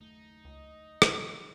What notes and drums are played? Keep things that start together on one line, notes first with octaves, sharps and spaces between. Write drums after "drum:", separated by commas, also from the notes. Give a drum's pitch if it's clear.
F#1 D#2 A3 D#4
C#2 D#5
drum: rim click